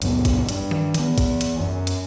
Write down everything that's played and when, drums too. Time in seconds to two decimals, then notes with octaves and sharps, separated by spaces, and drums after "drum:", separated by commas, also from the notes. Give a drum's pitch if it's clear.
0.02 C#2 F#2 A#2 B3, drum: hi-hat
0.25 drum: kick A1, hi-hat
0.49 G2, drum: hi-hat
0.71 drum: tom D#3
0.94 E3 B3, drum: hi-hat
1.18 drum: kick A1, hi-hat
1.41 drum: hi-hat
1.60 F#2
1.87 drum: hi-hat